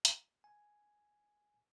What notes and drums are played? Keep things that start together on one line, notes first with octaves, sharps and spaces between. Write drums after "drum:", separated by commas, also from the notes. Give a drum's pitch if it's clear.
drum: hi-hat
G#5